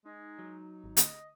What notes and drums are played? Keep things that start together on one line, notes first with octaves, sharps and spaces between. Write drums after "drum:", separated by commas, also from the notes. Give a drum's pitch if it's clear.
G#3 D#4
F#3
G#1
D3 A3 D#5, drum: hi-hat